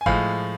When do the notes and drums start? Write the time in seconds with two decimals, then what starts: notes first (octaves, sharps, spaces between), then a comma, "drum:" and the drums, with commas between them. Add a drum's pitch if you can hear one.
0.01 G#5
0.06 A2 F3 G#3 F5, drum: kick G1